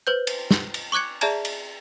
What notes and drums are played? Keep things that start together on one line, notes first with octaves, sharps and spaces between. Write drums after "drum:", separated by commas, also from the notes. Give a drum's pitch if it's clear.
B4 C5 G6
drum: cymbal
drum: snare
drum: cymbal
C#6 D6 F#6 G#6 C#7
G#4 D5 E5 A5 A#5 G#6, drum: cymbal
drum: cymbal